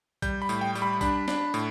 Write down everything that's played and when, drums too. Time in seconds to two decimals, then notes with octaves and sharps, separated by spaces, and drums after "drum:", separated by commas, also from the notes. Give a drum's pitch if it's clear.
0.22 G3 G6, drum: kick, tambourine
0.42 B5
0.49 A2, drum: tambourine
0.61 G5
0.75 G3, drum: tambourine
0.82 B5
1.01 D4 B5, drum: kick, tambourine
1.28 D4, drum: snare
1.54 A2, drum: tambourine